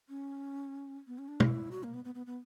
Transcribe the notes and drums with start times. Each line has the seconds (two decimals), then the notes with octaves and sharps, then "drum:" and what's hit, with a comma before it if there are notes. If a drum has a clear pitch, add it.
0.09 C#4
1.07 B3
1.18 C#4
1.28 D4
1.40 E4, drum: tom
1.71 F#4
1.83 A#3
1.94 B3
2.05 B3
2.15 B3
2.26 B3